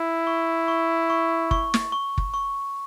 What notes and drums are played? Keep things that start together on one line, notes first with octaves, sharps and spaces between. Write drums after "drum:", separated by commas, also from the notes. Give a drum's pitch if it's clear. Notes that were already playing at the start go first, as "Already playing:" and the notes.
Already playing: E4
C#6
C#6
C#6
C#6, drum: kick
drum: snare
C#6
drum: kick
C#6